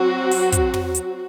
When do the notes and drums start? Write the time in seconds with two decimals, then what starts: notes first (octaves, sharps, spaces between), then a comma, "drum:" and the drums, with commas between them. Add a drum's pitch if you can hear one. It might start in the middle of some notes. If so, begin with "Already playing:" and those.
Already playing: F#3 C4 F#4
0.31 drum: open hi-hat
0.52 drum: kick, hi-hat
0.74 drum: tom
0.95 drum: hi-hat